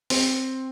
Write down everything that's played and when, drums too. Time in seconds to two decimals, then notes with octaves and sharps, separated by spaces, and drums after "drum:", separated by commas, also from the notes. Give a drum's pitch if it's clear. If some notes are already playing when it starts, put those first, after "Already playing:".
0.10 C4, drum: open hi-hat